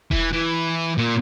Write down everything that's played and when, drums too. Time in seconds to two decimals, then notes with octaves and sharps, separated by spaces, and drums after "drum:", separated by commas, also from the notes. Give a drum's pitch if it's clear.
0.11 E3, drum: kick E1
0.33 E3
0.98 A#2